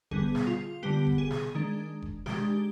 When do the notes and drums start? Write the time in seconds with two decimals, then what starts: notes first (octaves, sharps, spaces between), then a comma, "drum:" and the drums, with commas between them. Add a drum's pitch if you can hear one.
0.11 D3 G3 B3 G#4, drum: kick F1
0.35 drum: snare
0.47 F4
0.83 D3 G3 B3 G4
1.07 drum: kick F1
1.18 G#4
1.31 drum: snare
1.55 D#3 G#3 D4
2.02 drum: kick F1
2.26 D#3 G#3 D4 G4, drum: snare